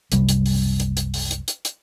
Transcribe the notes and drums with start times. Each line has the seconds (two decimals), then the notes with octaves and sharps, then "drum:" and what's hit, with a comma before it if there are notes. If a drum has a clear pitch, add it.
0.12 F#1 C2 C3 G3, drum: hi-hat
0.29 drum: hi-hat
0.46 drum: open hi-hat
0.80 drum: hi-hat
0.97 drum: hi-hat
1.14 drum: open hi-hat
1.31 drum: hi-hat
1.48 drum: hi-hat
1.65 drum: hi-hat